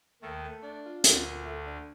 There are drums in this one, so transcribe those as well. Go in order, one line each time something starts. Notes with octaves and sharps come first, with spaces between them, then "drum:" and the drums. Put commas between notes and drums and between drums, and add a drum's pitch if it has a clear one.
D#2 D#3 A3
A3
D4
F4
D2 A#2 D3, drum: hi-hat
A#2
A3
D4